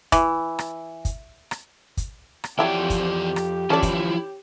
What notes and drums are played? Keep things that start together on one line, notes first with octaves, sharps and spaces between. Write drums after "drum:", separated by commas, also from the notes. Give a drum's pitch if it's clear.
E3, drum: kick, hi-hat
drum: rim click
drum: kick, hi-hat
drum: rim click
drum: kick, hi-hat
drum: rim click
F2 E3 F#3 E4 G4 D5 E5 G5
drum: kick, hi-hat
drum: rim click
E3 F3 C#4 E4 A4 D5
drum: kick, hi-hat